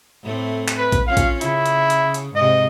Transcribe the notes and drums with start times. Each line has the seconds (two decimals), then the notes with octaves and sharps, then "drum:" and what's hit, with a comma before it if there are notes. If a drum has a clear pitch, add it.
0.23 A2 A3 C4
0.68 drum: clap
0.78 B4
0.92 drum: kick, hi-hat
1.07 C#4 F4 F5
1.17 drum: kick, hi-hat
1.41 C#3 E4, drum: hi-hat
1.66 drum: hi-hat
1.90 drum: hi-hat
2.14 drum: hi-hat
2.35 G#2 C3 D#5